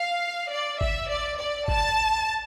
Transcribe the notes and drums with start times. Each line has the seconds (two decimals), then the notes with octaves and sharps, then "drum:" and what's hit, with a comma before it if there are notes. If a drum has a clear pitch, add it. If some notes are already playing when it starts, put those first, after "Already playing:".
Already playing: F5
0.52 D5
0.81 E5, drum: kick G#1
1.10 D5
1.39 D5
1.68 A5, drum: kick G#1